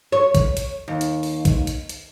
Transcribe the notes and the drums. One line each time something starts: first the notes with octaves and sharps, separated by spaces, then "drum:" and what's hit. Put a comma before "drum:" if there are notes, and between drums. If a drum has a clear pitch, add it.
C#5
drum: kick B1, hi-hat
drum: hi-hat
D#2
drum: hi-hat
drum: open hi-hat
drum: kick B1, hi-hat
drum: hi-hat
drum: hi-hat